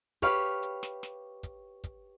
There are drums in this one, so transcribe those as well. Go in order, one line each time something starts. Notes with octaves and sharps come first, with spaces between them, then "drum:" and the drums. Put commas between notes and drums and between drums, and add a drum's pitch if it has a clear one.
G4 B4 C#5 F5, drum: kick, hi-hat
drum: hi-hat
drum: snare
drum: snare
drum: kick, hi-hat
drum: kick, hi-hat